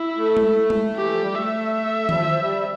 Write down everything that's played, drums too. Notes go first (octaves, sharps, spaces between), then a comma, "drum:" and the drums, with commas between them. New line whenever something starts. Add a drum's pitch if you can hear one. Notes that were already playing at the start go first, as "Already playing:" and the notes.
Already playing: E4
A3
drum: tom G#3
drum: tom G#3
E3 G4
F3
G3
A3 E5
G3, drum: tom D#3
F3
F3
G3